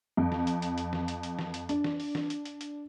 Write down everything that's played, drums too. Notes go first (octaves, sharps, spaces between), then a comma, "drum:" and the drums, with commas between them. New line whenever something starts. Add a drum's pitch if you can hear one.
F2
drum: snare E3
drum: hi-hat
drum: hi-hat
drum: hi-hat
drum: snare E3
drum: hi-hat
drum: hi-hat
drum: snare E3
drum: hi-hat
D4, drum: hi-hat
drum: snare E3
drum: open hi-hat
drum: snare E3
drum: hi-hat
drum: hi-hat
drum: hi-hat